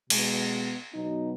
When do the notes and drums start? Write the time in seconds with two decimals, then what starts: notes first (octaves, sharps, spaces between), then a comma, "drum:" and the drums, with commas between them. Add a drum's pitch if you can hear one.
0.10 B2 G#3 B3, drum: cymbal
0.92 B2 F#3 B3 D#4